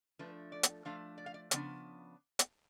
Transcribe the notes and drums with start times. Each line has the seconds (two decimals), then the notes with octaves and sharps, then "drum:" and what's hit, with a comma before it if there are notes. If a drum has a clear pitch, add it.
0.19 F3 A3 D4 B4
0.52 D5
0.63 drum: hi-hat
0.85 F3 A3 D4 F5
1.18 D5
1.26 F5
1.34 D5
1.51 C#3 F3 B3 D4 D5, drum: hi-hat
2.39 drum: hi-hat